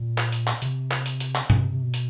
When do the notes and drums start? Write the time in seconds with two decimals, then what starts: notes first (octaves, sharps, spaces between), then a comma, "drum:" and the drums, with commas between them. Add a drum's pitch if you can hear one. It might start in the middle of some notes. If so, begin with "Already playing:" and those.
Already playing: A#2
0.18 drum: clap
0.32 drum: hi-hat
0.47 drum: clap
0.62 C3, drum: hi-hat
0.91 drum: clap
1.06 drum: hi-hat
1.20 drum: hi-hat
1.35 drum: clap
1.50 B2, drum: tom G2
1.60 C3
1.72 C3
1.83 B2
1.94 drum: hi-hat